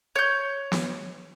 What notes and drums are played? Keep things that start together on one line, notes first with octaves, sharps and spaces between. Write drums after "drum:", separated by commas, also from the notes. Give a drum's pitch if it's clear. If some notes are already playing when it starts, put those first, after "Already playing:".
C#5 G6
drum: snare